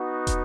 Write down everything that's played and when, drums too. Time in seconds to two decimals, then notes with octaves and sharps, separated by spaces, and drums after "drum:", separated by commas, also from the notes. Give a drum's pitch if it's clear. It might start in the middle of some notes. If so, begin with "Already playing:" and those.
Already playing: B3 D#4 F#4
0.27 drum: kick, hi-hat